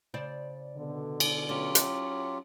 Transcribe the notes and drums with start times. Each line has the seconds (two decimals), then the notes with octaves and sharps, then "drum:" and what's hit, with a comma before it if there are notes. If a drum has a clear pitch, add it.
0.14 C#3 C5 D5
0.77 B2 D3
1.20 drum: cymbal
1.49 F#3 C#4 F4 G4
1.75 drum: hi-hat